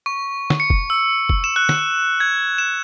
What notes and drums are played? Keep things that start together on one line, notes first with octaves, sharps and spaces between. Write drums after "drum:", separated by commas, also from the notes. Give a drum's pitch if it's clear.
C#6
drum: snare
C#7
drum: kick
E6
drum: kick
E7
F#6
drum: snare
G#6
E7